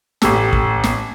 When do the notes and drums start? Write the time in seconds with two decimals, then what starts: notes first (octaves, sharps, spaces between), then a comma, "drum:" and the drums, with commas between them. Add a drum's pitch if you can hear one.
0.22 A1 G4 A4, drum: snare
0.53 drum: kick
0.84 drum: snare